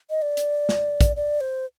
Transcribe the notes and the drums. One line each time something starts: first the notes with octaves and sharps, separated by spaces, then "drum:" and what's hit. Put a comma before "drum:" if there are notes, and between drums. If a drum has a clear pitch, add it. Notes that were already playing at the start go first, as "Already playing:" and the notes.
D#5
D5
drum: hi-hat
drum: snare
drum: kick, hi-hat
D5
C5